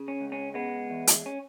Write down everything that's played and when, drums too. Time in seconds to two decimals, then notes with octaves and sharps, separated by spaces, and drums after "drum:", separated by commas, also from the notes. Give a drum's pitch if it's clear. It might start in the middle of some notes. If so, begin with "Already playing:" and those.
Already playing: C#3
0.08 C#4
0.21 C#2
0.32 C#4
0.54 G#3 B3
0.90 E2
1.07 drum: hi-hat
1.26 C#4